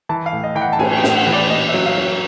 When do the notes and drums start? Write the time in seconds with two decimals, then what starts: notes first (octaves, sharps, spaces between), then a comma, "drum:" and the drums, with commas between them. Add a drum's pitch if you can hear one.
0.09 E3 A5
0.26 F5
0.32 A2
0.44 D#5
0.55 E3 G5
0.62 F#5
0.73 A5
0.79 A2 G#5, drum: cymbal
0.91 G#5
0.97 G5
1.04 A2, drum: snare
1.15 F#5
1.27 E3
1.33 D5
1.50 A#2 D#5
1.69 E5
1.74 F#3
1.86 F5
1.98 F#3